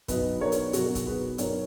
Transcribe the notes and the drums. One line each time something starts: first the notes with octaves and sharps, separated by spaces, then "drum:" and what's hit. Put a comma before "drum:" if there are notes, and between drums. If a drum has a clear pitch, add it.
B1 B2 F#3 B3 B4 D#5, drum: kick, hi-hat
A#4 C#5
drum: hi-hat
B1 B2 F#3 B3 F#4 A#4, drum: hi-hat
drum: kick, hi-hat
G#4 B4
B1 B2 F#3 B3 A#4 C#5, drum: hi-hat